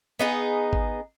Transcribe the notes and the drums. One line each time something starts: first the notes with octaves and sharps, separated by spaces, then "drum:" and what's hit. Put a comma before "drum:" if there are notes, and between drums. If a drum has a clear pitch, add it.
B3 D#4 G#4
drum: kick G#1